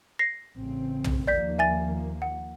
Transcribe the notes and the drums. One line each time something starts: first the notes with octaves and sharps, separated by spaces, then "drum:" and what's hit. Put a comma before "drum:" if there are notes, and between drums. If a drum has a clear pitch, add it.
A#6 C7
A1 C#3 C4
drum: tom
D#2 F3 A#3 D5 G6 B6
E5 G#5 A6
F#5